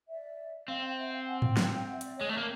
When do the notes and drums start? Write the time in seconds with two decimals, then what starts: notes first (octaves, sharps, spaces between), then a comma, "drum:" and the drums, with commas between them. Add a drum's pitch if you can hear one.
0.09 D5 E5
0.68 C4 D#5 F5
0.82 F5 G5
0.97 E5 F#5
1.12 F5 G5
1.27 F#5 G#5
1.42 F5 G5, drum: tom G#2
1.57 F5 G5, drum: snare
1.72 F5 G5
1.86 E5 F#5
2.01 D5 E5, drum: hi-hat
2.16 G#3 C#5 D#5
2.29 A3 D5 E5
2.37 A#3